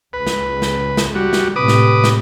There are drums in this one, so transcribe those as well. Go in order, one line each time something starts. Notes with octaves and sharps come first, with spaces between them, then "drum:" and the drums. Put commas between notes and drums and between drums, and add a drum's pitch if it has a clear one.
C#2 B4
drum: snare
drum: snare
drum: snare
G3 F#4
drum: snare
A2 C3 B4 D6 D#6
drum: snare
drum: snare